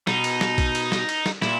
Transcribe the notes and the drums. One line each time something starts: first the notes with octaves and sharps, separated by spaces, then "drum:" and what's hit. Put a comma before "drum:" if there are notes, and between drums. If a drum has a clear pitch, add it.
B2 D#4, drum: snare
drum: cymbal
drum: snare
drum: kick A#1, cymbal
drum: cymbal
drum: snare
drum: cymbal
drum: snare
A#2 E4, drum: snare